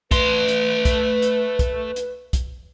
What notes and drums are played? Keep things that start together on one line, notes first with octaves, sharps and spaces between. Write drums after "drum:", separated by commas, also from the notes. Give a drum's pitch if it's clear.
A3 B4 C6, drum: kick, hi-hat
drum: hi-hat
drum: kick, hi-hat
drum: hi-hat
drum: kick, hi-hat
drum: hi-hat
drum: kick, hi-hat